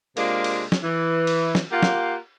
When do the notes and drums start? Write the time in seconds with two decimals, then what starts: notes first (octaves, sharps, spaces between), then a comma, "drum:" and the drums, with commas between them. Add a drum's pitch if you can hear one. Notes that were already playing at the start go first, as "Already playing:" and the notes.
0.17 C3 G#3 A#3 D4 F4, drum: cymbal
0.44 drum: cymbal
0.72 drum: snare
0.83 E3
1.27 drum: cymbal
1.55 drum: snare
1.71 A#3 F4 G4 F5 F#5
1.83 drum: snare